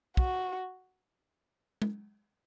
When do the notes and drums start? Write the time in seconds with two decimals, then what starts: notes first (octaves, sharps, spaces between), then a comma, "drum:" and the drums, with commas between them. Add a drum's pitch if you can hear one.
0.17 F#4, drum: kick
1.82 drum: tom